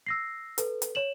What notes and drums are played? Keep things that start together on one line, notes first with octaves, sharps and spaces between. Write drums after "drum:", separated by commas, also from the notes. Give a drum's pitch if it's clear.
E6 A#6 C7
A4 B4, drum: hi-hat
drum: hi-hat
C#5 E7 F#7